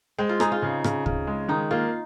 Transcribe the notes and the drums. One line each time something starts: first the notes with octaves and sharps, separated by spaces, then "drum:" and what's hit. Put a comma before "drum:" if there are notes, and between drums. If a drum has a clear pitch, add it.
G#3 C4
F4
D#4 G#4, drum: rim click
F4
C#3
C#3, drum: rim click
C#3, drum: kick
G#3
D#3 D#4
A#3 F4